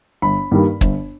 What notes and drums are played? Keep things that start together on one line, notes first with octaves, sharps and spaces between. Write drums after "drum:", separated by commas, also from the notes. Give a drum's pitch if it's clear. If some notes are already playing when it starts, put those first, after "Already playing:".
G1 B5
G2 D#3 G3 A#3
G1, drum: kick